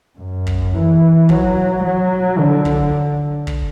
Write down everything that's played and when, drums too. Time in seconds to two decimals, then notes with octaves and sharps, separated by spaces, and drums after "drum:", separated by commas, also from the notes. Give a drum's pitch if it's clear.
0.19 F#2
0.47 drum: kick
0.74 E3
1.29 F#3, drum: kick
1.84 F#3
2.38 D3
2.65 drum: kick
3.47 drum: kick